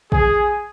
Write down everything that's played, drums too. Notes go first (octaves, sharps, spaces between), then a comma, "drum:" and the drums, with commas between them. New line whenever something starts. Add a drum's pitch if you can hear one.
G#4, drum: kick